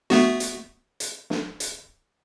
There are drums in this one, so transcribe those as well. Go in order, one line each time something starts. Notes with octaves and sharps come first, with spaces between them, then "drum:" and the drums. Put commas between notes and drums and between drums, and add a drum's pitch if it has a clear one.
A3 B3 F#4, drum: snare
drum: hi-hat
drum: hi-hat
drum: snare
drum: hi-hat